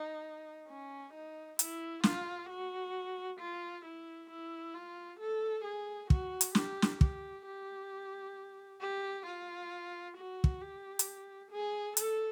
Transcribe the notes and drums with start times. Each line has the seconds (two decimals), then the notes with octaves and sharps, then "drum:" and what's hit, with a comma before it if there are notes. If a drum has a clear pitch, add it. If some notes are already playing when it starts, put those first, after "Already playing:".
Already playing: D#4
0.68 C#4
1.13 D#4
1.59 E4, drum: hi-hat
2.03 F4, drum: snare
2.49 F#4
3.40 F4
3.85 E4
4.30 E4
4.74 F4
5.20 A4
5.64 G#4
6.10 F#4, drum: kick
6.41 drum: hi-hat
6.55 G4, drum: snare
6.82 drum: snare
7.01 G4, drum: kick
7.46 G4
8.81 G4
9.26 F4
10.17 F#4
10.44 drum: kick
10.61 G4
10.99 drum: hi-hat
11.51 G#4
11.97 A4, drum: hi-hat